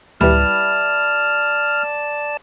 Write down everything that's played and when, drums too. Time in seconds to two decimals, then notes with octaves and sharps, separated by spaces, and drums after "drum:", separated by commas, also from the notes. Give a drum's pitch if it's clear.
0.21 G3 E4 B4 D5 A5 F6, drum: tom C#2